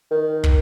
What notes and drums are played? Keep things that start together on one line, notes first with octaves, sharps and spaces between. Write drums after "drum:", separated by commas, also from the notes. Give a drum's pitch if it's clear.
D#3
drum: kick